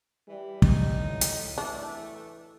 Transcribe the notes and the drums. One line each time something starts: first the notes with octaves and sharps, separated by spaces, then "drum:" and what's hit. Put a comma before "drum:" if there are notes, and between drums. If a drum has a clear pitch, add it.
E3 G3
D#4, drum: kick
A2
drum: hi-hat
E3 A3 D4